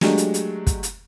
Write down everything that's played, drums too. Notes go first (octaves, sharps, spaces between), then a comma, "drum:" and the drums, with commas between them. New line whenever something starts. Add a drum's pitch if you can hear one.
F#3 G#3 A3 D4 G4, drum: snare
drum: hi-hat
drum: hi-hat
drum: kick, hi-hat
drum: hi-hat